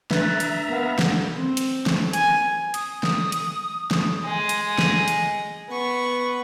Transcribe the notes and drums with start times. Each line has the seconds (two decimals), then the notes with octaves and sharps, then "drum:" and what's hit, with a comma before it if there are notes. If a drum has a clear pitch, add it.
0.11 D4 B4 E5 A#5 A6, drum: snare
0.40 drum: hi-hat
0.69 A#3 B3 F5
0.99 drum: snare
1.37 C4
1.57 drum: hi-hat
1.86 drum: snare
2.13 G#5, drum: hi-hat
2.74 D#6, drum: hi-hat
3.03 drum: snare
3.32 drum: hi-hat
3.91 drum: snare
4.24 G#3 D#5
4.49 drum: hi-hat
4.78 drum: snare
5.08 drum: hi-hat
5.69 B3 C#6